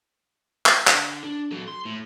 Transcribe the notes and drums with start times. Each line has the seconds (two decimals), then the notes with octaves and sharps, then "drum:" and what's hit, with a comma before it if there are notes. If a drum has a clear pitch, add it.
0.66 drum: clap
0.87 D3, drum: clap
1.24 D4
1.52 F#3 A4
1.68 C6
1.85 A2